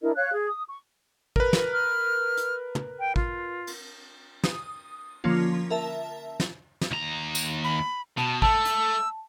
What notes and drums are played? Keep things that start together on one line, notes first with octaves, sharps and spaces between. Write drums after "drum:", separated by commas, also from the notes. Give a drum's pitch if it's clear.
D4 E4 A#4 D#5
C#5 F5 F#6
G#4
D#6
C#6
A#4 B4, drum: kick
drum: snare
F6
drum: hi-hat
drum: tom
G5
F4, drum: kick
drum: cymbal
D#6, drum: snare
D3 F3 A#3 C#4 F4
A#4 E5 A5
drum: snare
drum: snare
D#2 A#5
drum: tambourine
B5
B2 A5
A3 A5 E6, drum: kick
drum: hi-hat